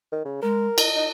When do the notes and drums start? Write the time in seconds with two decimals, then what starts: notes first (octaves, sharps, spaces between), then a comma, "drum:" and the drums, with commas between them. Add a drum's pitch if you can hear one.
0.12 D#3
0.25 C#3
0.43 G#3 A#4
0.78 D#5, drum: cymbal
0.96 D#4